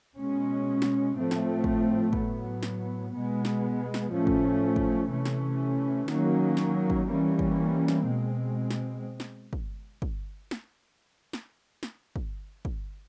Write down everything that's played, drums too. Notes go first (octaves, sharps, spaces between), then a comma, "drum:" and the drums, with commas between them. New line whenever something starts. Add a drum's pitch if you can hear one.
B2 G#3 C#4
drum: snare
A2 F3 A3 C4
drum: snare
drum: kick
A2 F#3 B3, drum: kick
drum: snare
B2 G#3 B3
drum: snare
drum: snare
A2 F3 A3 C#4
drum: kick
drum: kick
C3 E3 A3 C#4
drum: snare
D#3 F#3 A#3 C#4, drum: snare
drum: snare
drum: kick
E3 G3 A#3 C#4
drum: kick
drum: snare
B2 G#3 C4
drum: snare
drum: snare
drum: kick
drum: kick
drum: snare
drum: snare
drum: snare
drum: kick
drum: kick